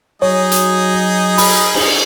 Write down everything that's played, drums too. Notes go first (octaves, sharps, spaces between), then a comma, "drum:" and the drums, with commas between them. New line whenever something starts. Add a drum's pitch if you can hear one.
F#3 D#4 G#4 C#5 D#5
drum: hi-hat
B5, drum: open hi-hat
drum: cymbal